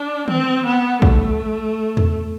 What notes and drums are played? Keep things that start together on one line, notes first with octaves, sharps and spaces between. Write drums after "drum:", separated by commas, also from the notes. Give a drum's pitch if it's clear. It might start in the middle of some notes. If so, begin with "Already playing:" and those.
Already playing: D4
C4, drum: tom D#3
B3
A3, drum: kick
drum: tom E2